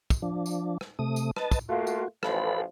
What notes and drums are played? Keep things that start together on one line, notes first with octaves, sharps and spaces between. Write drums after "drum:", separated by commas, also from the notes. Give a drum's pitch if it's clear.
drum: kick, tambourine
F3 D4
drum: tambourine
drum: rim click
C3 A3 D#6
drum: tambourine
B4 D#5 A5, drum: rim click
drum: kick, tambourine
A3 A#3 F4 F#4
drum: tambourine
A1 F3 A4 B4 B5, drum: rim click